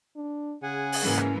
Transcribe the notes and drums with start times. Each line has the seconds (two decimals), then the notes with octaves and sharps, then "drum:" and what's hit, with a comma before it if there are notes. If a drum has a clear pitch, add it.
0.16 D4
0.63 C#3 G#4 F#5 G#5
0.92 drum: open hi-hat
1.03 G#2 E3 A#3 C#4
1.18 drum: rim click